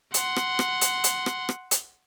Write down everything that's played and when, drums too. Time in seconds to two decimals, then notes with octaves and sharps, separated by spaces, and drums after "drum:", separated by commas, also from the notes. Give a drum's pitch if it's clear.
0.14 F#5 C6, drum: hi-hat
0.36 drum: rim click
0.59 drum: rim click
0.81 drum: hi-hat
1.04 drum: hi-hat
1.26 drum: rim click
1.49 drum: rim click
1.71 drum: hi-hat